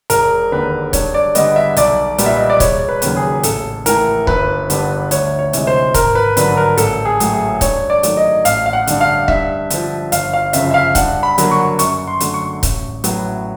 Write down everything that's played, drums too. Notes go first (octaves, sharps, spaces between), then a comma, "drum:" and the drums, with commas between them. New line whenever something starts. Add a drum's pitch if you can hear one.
E1 A#4, drum: hi-hat
D#2 D3 B4
G2 C#5, drum: kick C#1, hi-hat
D5
D3 G3 B3 D#5, drum: hi-hat
E5
B1 D5, drum: hi-hat
A#2 G3 B3, drum: hi-hat
E5
D#5
D5
E1 C#5, drum: kick C#1, hi-hat
B4
D#2 C#3 F#3, drum: hi-hat
G#4
A1 A4, drum: hi-hat
A2 E3 A#4, drum: hi-hat
G1 B4, drum: kick C#1
G2 D3 G3 B3, drum: hi-hat
D2 C#5, drum: hi-hat
C#5
C3 E3 G#3, drum: hi-hat
C5
G#1 A#4, drum: kick C#1, hi-hat
B4
G2 D3 F#3 B4, drum: hi-hat
A#4
A1 A4, drum: hi-hat
G#4
A2 F#3 A3, drum: hi-hat
G#4
G2 C#5, drum: kick C#1, hi-hat
D5
D#3 F#3 A3, drum: hi-hat
D#5
A1 F5, drum: hi-hat
F5
F#5
G2 D3, drum: hi-hat
F5
G2 E5, drum: kick C#1
D3 F3, drum: hi-hat
G1 F5, drum: hi-hat
F5
F#2 C#3 F3 E5, drum: hi-hat
E5
F5
G2 F#5, drum: kick C#1, hi-hat
B5
D3 F#3 A#3, drum: hi-hat
C#6
F#2 C#6, drum: hi-hat
C6
D3 F#3 A3, drum: hi-hat
C#6
A1, drum: kick C#1, hi-hat
A2 F#3 B3, drum: hi-hat